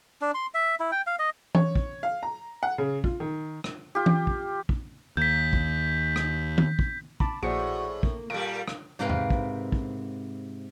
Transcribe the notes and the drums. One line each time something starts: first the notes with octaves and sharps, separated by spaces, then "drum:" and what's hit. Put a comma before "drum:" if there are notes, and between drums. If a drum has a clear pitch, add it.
D4
C6
E5
E4
G5
F5
D#5
C#5, drum: tom E3
drum: kick
F5
A#5
F#5
C#3
F4, drum: kick
D#3
drum: rim click
F4 G4
drum: tom E3
drum: kick
drum: kick
D#2 G6 B6
drum: kick
drum: rim click
drum: tom D#3
drum: kick
A5 B5 D6, drum: kick
A#1 A2 F#4 G#4 C5 D5 C#7
A#3, drum: kick
A#2 G3 A4 A#4 F5 D7
drum: rim click
G#2 C3 A#4 B4 F5 G5
drum: tom E2
drum: kick
drum: kick